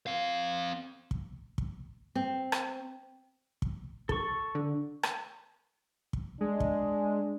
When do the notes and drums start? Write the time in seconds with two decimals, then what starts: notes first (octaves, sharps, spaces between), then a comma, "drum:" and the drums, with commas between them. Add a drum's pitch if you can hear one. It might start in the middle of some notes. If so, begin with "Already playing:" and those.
0.07 C4 F5
1.11 drum: kick
1.58 drum: kick
2.15 C4
2.52 drum: rim click
3.62 drum: kick
4.09 A4 C#6, drum: kick
4.55 D3
5.03 drum: rim click
6.13 drum: kick
6.41 G#3 D4
6.60 drum: kick